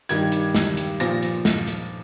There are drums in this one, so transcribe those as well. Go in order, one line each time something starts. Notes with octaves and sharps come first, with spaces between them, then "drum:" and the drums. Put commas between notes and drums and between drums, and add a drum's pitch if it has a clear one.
G2 D#3 G3 G#6, drum: hi-hat
drum: hi-hat
drum: snare
drum: hi-hat
A#2 F3 A#6, drum: hi-hat
drum: hi-hat
drum: snare
drum: hi-hat